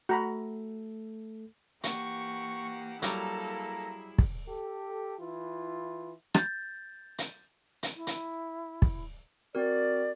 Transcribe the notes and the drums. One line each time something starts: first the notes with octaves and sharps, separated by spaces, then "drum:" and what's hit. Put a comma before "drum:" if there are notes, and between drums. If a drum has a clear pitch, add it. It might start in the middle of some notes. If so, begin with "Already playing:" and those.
A3 F#4 A4 A#5 B5
E3 A#3 G4 F#5 C#6, drum: hi-hat
F#3 G3 A#3 E4 G#4 A4 A#5, drum: hi-hat
drum: kick
G4 A4
E3 E4 F4
G6 A6, drum: rim click
drum: hi-hat
drum: hi-hat
E4
drum: hi-hat
drum: kick
C4 F#4 A#4 D5